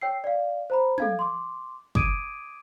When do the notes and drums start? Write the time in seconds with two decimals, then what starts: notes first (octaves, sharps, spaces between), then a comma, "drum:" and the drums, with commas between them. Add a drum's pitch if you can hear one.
0.01 C#5 G5 E6 C7
0.24 D5 F5
0.70 C5 A#5 B5
0.98 A4 F5 G#6, drum: tom
1.19 C6 D6
1.95 D6 D#6 G#6 D7 D#7, drum: kick